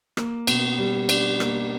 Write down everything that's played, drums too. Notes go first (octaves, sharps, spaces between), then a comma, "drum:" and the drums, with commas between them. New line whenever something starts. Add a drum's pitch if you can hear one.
A#3, drum: rim click
B2, drum: cymbal
G3
D4, drum: cymbal
A#3, drum: rim click